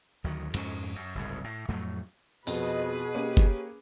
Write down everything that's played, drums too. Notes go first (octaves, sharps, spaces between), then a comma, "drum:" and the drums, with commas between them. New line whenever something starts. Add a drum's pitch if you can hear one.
D2 D#3 F#3
F2 G#2 C#4, drum: cymbal
F#2, drum: tambourine
F#1 C2 G#2
A2
F2 A2 F#3 A3
F2 B2 G#4 B4 C5 D#5, drum: open hi-hat
drum: tambourine
A#3 C#4 G4 D#7
drum: kick F#1